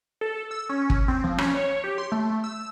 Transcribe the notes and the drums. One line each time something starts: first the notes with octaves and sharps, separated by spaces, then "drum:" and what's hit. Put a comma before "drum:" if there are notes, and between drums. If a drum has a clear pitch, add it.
A4
E6
C#4
drum: kick
C4
F3
C#4, drum: rim click
C#5
G4
C6
A3
E6